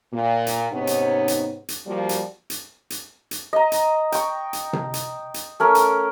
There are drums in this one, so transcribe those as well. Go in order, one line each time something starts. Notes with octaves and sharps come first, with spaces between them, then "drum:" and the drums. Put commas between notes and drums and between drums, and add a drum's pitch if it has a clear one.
A#2
drum: hi-hat
G#2 C3 B3 C#4 D#4 C#5
drum: hi-hat
drum: hi-hat
drum: hi-hat
F3 G3 A#3 F#4 D5
drum: hi-hat
drum: hi-hat
drum: hi-hat
drum: hi-hat
D#5 A#5
drum: hi-hat
G5 C#6, drum: hi-hat
drum: hi-hat
drum: tom C3
drum: hi-hat
drum: hi-hat
A3 C#4 A#4
drum: hi-hat